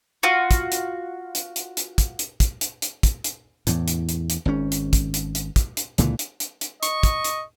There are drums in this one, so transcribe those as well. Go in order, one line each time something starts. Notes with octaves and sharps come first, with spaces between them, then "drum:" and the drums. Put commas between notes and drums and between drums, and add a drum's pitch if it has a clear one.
F4 F#4
drum: kick, hi-hat
drum: hi-hat
drum: hi-hat
drum: hi-hat
drum: hi-hat
drum: kick, hi-hat
drum: hi-hat
drum: kick, hi-hat
drum: hi-hat
drum: hi-hat
drum: kick, hi-hat
drum: hi-hat
E2 A2, drum: hi-hat
drum: hi-hat
drum: hi-hat
drum: hi-hat
G#1 G#2 C#4
drum: hi-hat
drum: kick, hi-hat
drum: hi-hat
drum: hi-hat
drum: kick, hi-hat
drum: hi-hat
C#2 A#2 D3 E3, drum: hi-hat
drum: hi-hat
drum: hi-hat
drum: hi-hat
D#5 C#6, drum: hi-hat
drum: kick, hi-hat
drum: hi-hat